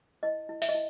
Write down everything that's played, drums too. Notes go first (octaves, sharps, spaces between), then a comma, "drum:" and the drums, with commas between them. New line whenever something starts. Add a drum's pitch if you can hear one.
E4 D#5
E4
E5, drum: open hi-hat
D#5
E4